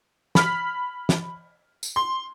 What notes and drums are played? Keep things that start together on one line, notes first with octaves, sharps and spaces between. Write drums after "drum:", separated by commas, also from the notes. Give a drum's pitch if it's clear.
B5 F6 B6, drum: snare
drum: snare
drum: tambourine
C6